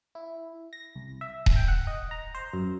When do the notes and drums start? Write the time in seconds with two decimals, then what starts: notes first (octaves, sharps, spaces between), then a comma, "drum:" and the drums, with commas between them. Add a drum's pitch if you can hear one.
0.15 E4
0.73 A#6
0.95 C2
1.21 E5
1.46 drum: kick D#1
1.56 G5
1.68 F#5
1.87 D#5
2.11 A#5
2.35 C5
2.53 F#2